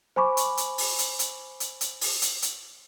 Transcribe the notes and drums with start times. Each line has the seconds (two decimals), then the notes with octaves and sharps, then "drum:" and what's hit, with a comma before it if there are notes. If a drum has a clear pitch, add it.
0.16 C5 G#5 B5 C#6 D6
0.37 drum: hi-hat
0.57 drum: hi-hat
0.78 drum: open hi-hat
0.99 drum: hi-hat
1.19 drum: hi-hat
1.60 drum: hi-hat
1.81 drum: hi-hat
2.01 drum: open hi-hat
2.22 drum: hi-hat
2.42 drum: hi-hat